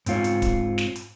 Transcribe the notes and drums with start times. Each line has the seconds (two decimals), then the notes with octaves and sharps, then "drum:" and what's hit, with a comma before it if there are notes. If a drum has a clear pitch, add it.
0.06 G#2 C4 F4 C#5, drum: hi-hat
0.24 drum: hi-hat
0.42 drum: kick, hi-hat
0.78 drum: snare
0.96 drum: hi-hat